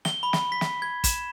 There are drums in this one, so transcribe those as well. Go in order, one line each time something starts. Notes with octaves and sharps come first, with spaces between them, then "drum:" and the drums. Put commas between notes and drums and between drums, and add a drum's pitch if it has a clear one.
G7, drum: snare
B5
drum: snare
B6
drum: snare
G#6
E7, drum: kick, hi-hat